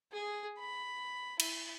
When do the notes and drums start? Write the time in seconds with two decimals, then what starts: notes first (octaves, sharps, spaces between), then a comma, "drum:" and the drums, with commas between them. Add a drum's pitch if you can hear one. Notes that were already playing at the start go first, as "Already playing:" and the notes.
0.13 G#4
0.59 B5
1.40 E4, drum: cymbal